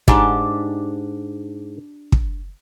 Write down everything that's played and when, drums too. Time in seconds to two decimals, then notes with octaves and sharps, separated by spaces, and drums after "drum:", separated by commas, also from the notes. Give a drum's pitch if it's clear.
0.08 G#2 D4 G4, drum: kick
2.12 drum: kick